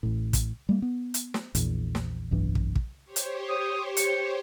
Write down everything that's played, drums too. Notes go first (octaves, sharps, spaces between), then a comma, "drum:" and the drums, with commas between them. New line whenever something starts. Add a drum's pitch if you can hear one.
A1 A2
drum: kick, hi-hat
G3 A3 A#3
B3
drum: hi-hat
drum: snare
A#1 E2 A#2, drum: hi-hat
drum: snare
F1 B1 G2 E3
drum: kick
drum: kick
G4 C5 C#5
drum: hi-hat
D#6
C#7, drum: hi-hat